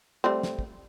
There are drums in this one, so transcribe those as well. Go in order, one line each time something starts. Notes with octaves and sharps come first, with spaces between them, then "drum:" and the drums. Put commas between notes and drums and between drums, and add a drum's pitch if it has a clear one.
G3 A3 C4
drum: snare
drum: kick